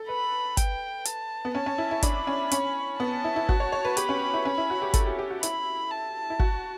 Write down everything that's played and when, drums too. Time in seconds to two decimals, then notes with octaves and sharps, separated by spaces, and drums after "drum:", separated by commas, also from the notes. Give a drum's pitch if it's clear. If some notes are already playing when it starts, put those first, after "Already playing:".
Already playing: A4
0.09 B4 B5
0.57 G5, drum: kick G1, hi-hat
1.05 A5, drum: hi-hat
1.45 B3
1.54 C#4 A5
1.66 C#4
1.78 E4
1.91 E4
2.02 D4 B5, drum: kick G1, hi-hat
2.27 C#4
2.51 C#4, drum: hi-hat
3.00 B3 A5
3.24 E4
3.36 E4
3.49 F#4, drum: kick G1
3.60 C#5
3.72 C#5
3.85 B4
3.97 G4 B5, drum: hi-hat
4.09 C#4
4.34 E4
4.45 C#4 B5
4.58 E4
4.70 F#4
4.82 G4
4.94 A4, drum: kick G1, hi-hat
5.06 G4
5.18 G4
5.30 F#4
5.43 E4 B5, drum: hi-hat
5.91 A5
6.30 E4
6.39 F#4, drum: kick G1